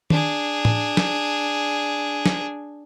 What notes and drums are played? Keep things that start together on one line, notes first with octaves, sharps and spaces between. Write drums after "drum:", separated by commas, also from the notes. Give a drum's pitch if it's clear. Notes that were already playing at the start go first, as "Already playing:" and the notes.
D4 G#4, drum: tom D#3
drum: tom A2
drum: snare
drum: snare